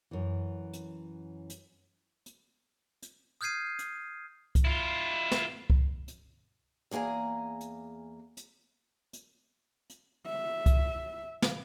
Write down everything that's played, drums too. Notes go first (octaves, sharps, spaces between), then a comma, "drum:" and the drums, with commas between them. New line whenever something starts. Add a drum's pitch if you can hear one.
F#2 E3
drum: hi-hat
drum: hi-hat
drum: hi-hat
drum: hi-hat
D#6 F6 G6 G#6 C7 D#7
drum: hi-hat
drum: kick C2, hi-hat
E4 F4
drum: snare
drum: kick C2
drum: hi-hat
E2 A#3 G#4 G#5 A#5
drum: hi-hat
drum: hi-hat
drum: hi-hat
drum: hi-hat
E5
drum: kick C2, hi-hat
drum: snare